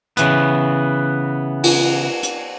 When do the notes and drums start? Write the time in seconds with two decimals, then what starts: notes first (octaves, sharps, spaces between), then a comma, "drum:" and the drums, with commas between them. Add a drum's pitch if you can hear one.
0.17 C#3 E3 B3, drum: hi-hat
1.64 drum: cymbal
2.23 drum: hi-hat